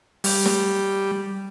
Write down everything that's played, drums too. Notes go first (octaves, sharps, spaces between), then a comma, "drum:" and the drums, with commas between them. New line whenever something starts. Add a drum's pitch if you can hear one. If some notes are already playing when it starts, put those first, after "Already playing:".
G3, drum: open hi-hat
drum: snare